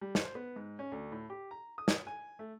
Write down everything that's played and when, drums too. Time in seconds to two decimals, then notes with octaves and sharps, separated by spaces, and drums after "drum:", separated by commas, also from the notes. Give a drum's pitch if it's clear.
0.01 G3
0.15 C5, drum: snare
0.35 B3
0.56 G#2
0.79 C#4
0.92 D2
1.12 A2
1.30 G4
1.51 A#5
1.78 D#6
1.88 drum: snare
2.07 G#5
2.39 A3